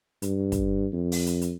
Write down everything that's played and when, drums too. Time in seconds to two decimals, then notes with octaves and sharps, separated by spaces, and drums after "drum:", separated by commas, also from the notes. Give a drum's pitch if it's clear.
0.22 G2, drum: hi-hat
0.52 drum: kick, hi-hat
0.93 F2
1.12 drum: open hi-hat
1.27 drum: hi-hat
1.42 drum: hi-hat